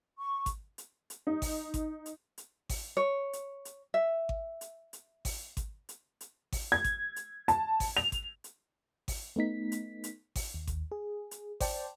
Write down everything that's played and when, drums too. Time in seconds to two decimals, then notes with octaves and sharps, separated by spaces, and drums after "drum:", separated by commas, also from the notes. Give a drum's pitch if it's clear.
0.18 C#6
0.46 drum: kick G#1, hi-hat
0.78 drum: hi-hat
1.10 drum: hi-hat
1.27 D#4
1.42 drum: kick G#1, open hi-hat
1.74 drum: kick G#1, hi-hat
2.06 drum: hi-hat
2.38 drum: hi-hat
2.69 drum: kick G#1, open hi-hat
2.97 C#5
3.33 drum: hi-hat
3.65 drum: hi-hat
3.94 E5
4.29 drum: kick G#1
4.61 drum: hi-hat
4.93 drum: hi-hat
5.25 drum: kick G#1, open hi-hat
5.57 drum: kick G#1, hi-hat
5.89 drum: hi-hat
6.21 drum: hi-hat
6.52 drum: kick G#1, open hi-hat
6.72 G#6
6.84 drum: kick G#1, hi-hat
7.16 drum: hi-hat
7.48 A5, drum: hi-hat
7.80 drum: kick G#1, open hi-hat
7.97 F7
8.12 drum: kick G#1, hi-hat
8.44 drum: hi-hat
9.08 drum: kick G#1, open hi-hat
9.36 A3 B3 D#4 B6
9.72 drum: hi-hat
10.04 drum: hi-hat
10.35 drum: kick G#1, open hi-hat
10.54 D#2
10.67 drum: kick G#1, hi-hat
10.92 G#4
11.31 drum: hi-hat
11.60 C5 D5 G5 A5, drum: kick G#1, open hi-hat